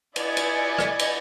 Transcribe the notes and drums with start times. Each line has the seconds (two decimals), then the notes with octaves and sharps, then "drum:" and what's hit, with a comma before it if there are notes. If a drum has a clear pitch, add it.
0.16 E4 D5 D#5 G#5 C#7, drum: cymbal
0.37 drum: cymbal
0.78 drum: rim click
0.99 drum: cymbal